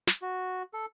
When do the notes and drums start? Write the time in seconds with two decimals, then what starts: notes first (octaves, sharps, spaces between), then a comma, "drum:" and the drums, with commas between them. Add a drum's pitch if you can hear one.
0.07 drum: snare
0.22 F#4
0.74 A4